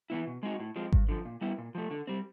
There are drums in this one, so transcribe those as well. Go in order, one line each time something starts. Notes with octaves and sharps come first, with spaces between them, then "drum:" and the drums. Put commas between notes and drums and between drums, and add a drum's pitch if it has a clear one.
E3 G3 B3 E4
B2
G#3 C4 D#4 F#4
A2
F3 G#3 C4
G2, drum: kick G#1
D3 F3
A#2
G3 B3 E4
A#2
F3 A3
D3
G3 C4